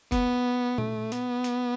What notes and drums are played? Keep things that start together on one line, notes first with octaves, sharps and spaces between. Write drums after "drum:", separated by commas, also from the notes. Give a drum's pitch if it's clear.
B3, drum: kick, hi-hat
A3, drum: tom A#2
B3, drum: hi-hat
drum: hi-hat